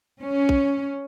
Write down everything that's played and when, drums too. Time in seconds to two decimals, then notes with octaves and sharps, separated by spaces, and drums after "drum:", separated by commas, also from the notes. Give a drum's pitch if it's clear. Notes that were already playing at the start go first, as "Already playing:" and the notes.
0.22 C#4
0.49 drum: kick